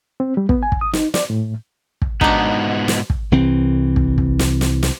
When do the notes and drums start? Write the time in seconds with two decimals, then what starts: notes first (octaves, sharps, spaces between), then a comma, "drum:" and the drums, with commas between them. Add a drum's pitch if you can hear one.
0.20 C4
0.37 G3
0.49 B3, drum: kick
0.63 G#5
0.72 drum: kick
0.81 D#6
0.93 D#4, drum: snare
1.14 D5, drum: snare
1.30 A2
2.02 drum: kick
2.21 G#2 B2 B3 D4 D#4, drum: kick
2.88 drum: snare
3.10 drum: kick
3.32 C2 E3 C4
3.96 drum: kick
4.18 drum: kick
4.39 drum: snare
4.61 drum: snare
4.83 drum: snare